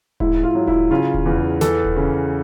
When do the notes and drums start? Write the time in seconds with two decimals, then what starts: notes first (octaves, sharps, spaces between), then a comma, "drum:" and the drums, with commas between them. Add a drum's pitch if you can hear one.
0.20 G#2 E4, drum: kick D#1
0.43 F4
0.55 F#3
0.68 E4, drum: kick D#1
0.91 C#3 F4
1.14 drum: kick D#1
1.26 E2
1.61 E3 A4, drum: snare
1.84 drum: kick D#1
1.96 C#3